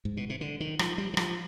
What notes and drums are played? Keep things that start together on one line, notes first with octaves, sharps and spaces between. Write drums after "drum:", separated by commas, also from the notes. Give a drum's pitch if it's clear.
G#2
B2
C3
D3
D#3
F3, drum: rim click
G3
D#3
F3, drum: rim click